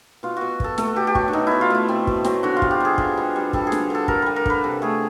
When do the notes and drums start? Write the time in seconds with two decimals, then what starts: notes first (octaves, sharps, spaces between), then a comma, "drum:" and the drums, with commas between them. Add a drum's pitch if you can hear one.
0.23 B2 F4
0.37 B2 F#4
0.60 B2 A4, drum: kick
0.78 A3 A4, drum: snare
0.96 B2 G4
1.07 G4
1.15 F#3 F#4, drum: kick
1.28 D4
1.33 B2 D#4
1.47 B2 E4
1.61 F4
1.70 A3 E4
1.88 B2 C4
2.07 B2, drum: kick
2.24 F#3 C4, drum: snare
2.43 D3 F#4
2.57 F4
2.62 G3, drum: kick
2.71 G4
2.80 G3 G#4
2.98 D3, drum: kick
3.17 G3
3.36 G3
3.53 G3 A4, drum: kick
3.67 G#4
3.72 D3, drum: snare
3.90 D3 A4
4.08 G3 A#4, drum: kick
4.22 G3 B4
4.36 A#4
4.46 D3 B4, drum: kick
4.64 C3 A4
4.82 A3 G#4